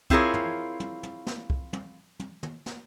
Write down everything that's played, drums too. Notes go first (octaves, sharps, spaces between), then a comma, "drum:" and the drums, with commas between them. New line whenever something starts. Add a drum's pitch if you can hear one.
C4 E4 F4 G#4 A#4 C#5, drum: kick
drum: tom
drum: tom
drum: tom
drum: snare
drum: kick
drum: tom
drum: tom
drum: tom
drum: snare